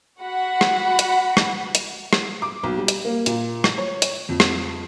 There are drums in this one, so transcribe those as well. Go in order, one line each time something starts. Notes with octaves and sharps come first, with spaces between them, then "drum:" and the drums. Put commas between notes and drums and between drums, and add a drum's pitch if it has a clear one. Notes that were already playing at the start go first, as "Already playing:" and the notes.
F#4 F#5 B5
drum: rim click
drum: hi-hat
drum: rim click
drum: hi-hat
drum: rim click
D6
B1
G3
drum: hi-hat
A#3
A#2, drum: hi-hat
drum: rim click
C#5
drum: hi-hat
F2
drum: rim click